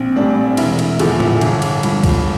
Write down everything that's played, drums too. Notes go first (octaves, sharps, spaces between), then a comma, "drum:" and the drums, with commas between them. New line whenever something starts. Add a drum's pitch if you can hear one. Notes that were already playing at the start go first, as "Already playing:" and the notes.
Already playing: A#1 C4
A2 G3 D4
E1 E4, drum: cymbal
drum: cymbal
E2 D3 F3 E4, drum: cymbal
drum: tom A2
G1, drum: cymbal
drum: cymbal
G2 F3, drum: cymbal
drum: kick, cymbal